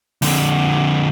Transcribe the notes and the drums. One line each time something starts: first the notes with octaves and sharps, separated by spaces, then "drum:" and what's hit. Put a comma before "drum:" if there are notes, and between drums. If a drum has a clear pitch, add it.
F2 D3, drum: open hi-hat